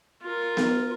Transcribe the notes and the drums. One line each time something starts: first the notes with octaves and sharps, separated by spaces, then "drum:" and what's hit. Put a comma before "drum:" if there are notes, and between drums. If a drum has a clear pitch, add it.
F4 A#4
drum: snare B3